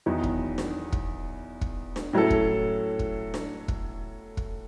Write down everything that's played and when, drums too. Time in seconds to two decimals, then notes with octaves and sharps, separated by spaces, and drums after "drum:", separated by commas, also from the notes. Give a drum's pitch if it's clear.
0.06 E2 D#3 F#3 B3 D#4
0.23 drum: kick
0.58 drum: snare D4
0.92 drum: kick
1.61 drum: kick
1.96 drum: snare D4
2.13 A2 F#3 C#4 E4 A4
2.30 drum: kick
2.99 drum: kick
3.34 drum: snare D4
3.68 drum: kick
4.37 drum: kick